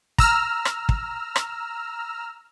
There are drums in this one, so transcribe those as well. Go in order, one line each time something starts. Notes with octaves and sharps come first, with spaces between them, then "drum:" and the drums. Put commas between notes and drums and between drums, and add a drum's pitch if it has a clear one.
A#5 E6 F6, drum: kick
drum: rim click
drum: kick
drum: rim click